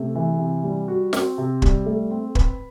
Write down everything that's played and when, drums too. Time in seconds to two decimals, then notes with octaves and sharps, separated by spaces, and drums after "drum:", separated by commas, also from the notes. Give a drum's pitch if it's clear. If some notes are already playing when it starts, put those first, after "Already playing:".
Already playing: C3 A3
0.15 E3
0.39 C3
0.64 G3
0.88 F#4
1.13 C4, drum: snare
1.38 C3
1.62 G3, drum: kick
1.86 A3
2.11 C4
2.35 B4, drum: kick